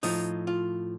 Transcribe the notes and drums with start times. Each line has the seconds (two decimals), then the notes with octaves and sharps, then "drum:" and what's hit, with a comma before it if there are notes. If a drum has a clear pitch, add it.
0.03 A2 F3 D#4, drum: open hi-hat
0.47 F4